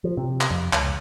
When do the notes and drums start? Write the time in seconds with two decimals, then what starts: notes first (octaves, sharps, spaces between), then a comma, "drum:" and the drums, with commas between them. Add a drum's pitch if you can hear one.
0.04 F3
0.17 C3
0.41 drum: clap
0.51 F2
0.73 C#2, drum: clap